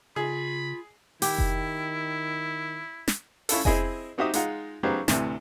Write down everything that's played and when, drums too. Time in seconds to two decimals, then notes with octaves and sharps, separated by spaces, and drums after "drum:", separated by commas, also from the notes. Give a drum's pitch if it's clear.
0.16 C#3 F4 G#4 B5
1.22 D#3 E4 G4, drum: open hi-hat
1.38 drum: kick F1
3.08 drum: snare
3.49 C#4 E4 F4 A4, drum: open hi-hat
3.65 C4 E4 G#4 D#5 G#5, drum: kick F1
4.18 C4 D#4 F#4 G4 E5 D#6
4.34 G#3 D#4 F4 F#5, drum: hi-hat
4.83 C#3 F#3 B3 D#4 G4 C5
5.08 D2 A2 C3 E3, drum: snare